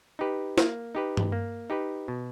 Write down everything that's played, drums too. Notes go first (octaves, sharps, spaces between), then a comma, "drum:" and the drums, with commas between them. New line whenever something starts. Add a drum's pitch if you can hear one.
D#4 G4 B4
A#3, drum: snare
D#4 G4 B4
drum: tom G2
A#3
D#4 G4 B4
B2